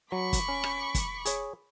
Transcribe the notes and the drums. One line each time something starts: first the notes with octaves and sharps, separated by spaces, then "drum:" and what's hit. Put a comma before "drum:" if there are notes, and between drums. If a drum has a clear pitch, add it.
F#3 B5 C#6 D6
drum: kick, hi-hat
C#4
drum: rim click
drum: kick, hi-hat
G#4 C#5, drum: hi-hat